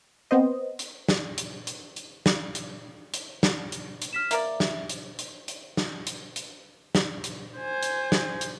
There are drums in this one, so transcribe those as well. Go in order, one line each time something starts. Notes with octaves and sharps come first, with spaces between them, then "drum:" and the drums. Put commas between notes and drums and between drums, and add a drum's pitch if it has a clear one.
B3 C4 C5 D#5
drum: hi-hat
drum: snare
drum: hi-hat
drum: hi-hat
drum: hi-hat
drum: snare
drum: hi-hat
drum: hi-hat
drum: snare
drum: hi-hat
drum: hi-hat
F6 B6 E7
A#3 A#4 D5 E5, drum: hi-hat
drum: snare
drum: hi-hat
drum: hi-hat
drum: hi-hat
drum: snare
drum: hi-hat
drum: hi-hat
drum: snare
drum: hi-hat
C5 G#5
drum: hi-hat
drum: snare
drum: hi-hat